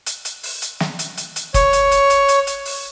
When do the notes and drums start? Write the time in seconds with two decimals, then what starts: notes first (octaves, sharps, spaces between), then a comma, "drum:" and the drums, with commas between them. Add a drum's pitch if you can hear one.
0.06 drum: hi-hat
0.25 drum: hi-hat
0.43 drum: open hi-hat
0.62 drum: hi-hat
0.80 drum: snare
0.99 drum: hi-hat
1.17 drum: hi-hat
1.36 drum: hi-hat
1.54 C#5, drum: kick F#1, hi-hat
1.73 drum: hi-hat
1.91 drum: hi-hat
2.10 drum: hi-hat
2.28 drum: hi-hat
2.47 drum: hi-hat
2.65 drum: open hi-hat